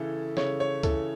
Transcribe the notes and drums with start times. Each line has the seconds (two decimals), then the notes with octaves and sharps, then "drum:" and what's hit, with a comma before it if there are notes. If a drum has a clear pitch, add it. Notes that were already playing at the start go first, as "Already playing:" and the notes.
Already playing: C#3 E3 A4
0.37 C#3 C#5, drum: snare
0.60 C#5
0.83 E3 A4, drum: kick, hi-hat